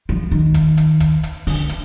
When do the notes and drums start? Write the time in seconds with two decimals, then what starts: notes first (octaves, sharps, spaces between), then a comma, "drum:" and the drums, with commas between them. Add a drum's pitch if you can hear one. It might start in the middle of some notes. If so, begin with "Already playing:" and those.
0.09 F3
0.31 D#3
0.54 drum: kick, hi-hat
0.77 drum: hi-hat
1.00 drum: kick, hi-hat
1.23 drum: hi-hat
1.47 D3, drum: open hi-hat
1.69 drum: hi-hat